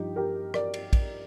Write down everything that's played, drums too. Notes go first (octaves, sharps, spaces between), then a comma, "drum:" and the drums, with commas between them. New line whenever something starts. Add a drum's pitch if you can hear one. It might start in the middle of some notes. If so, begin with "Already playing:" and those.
Already playing: G2 F3 D#4 G4
G4 A#4
A#4 D5, drum: rim click
drum: cymbal
drum: kick, cymbal